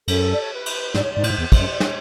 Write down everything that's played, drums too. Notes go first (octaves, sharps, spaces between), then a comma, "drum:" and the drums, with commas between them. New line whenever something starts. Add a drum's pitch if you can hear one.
F#2 A4, drum: cymbal
D5
C#5
B4
drum: cymbal
G#2 D5, drum: snare
C#5
D5
G#2
A2, drum: cymbal
G#2
E2
D5, drum: kick, cymbal
F#2
C#5, drum: snare